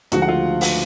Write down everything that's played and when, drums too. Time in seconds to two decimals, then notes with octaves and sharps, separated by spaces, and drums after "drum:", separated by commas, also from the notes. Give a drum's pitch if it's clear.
0.12 D2 D3 F3 G#3 F#4 F#5, drum: hi-hat
0.22 F#5
0.28 F4 F5
0.61 drum: open hi-hat